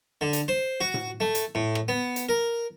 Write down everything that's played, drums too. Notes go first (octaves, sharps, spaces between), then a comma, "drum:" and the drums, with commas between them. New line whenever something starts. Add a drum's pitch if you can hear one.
D3
drum: hi-hat
C5
F#4
drum: tom A2
A3
drum: hi-hat
A2
drum: rim click
B3
drum: hi-hat
A#4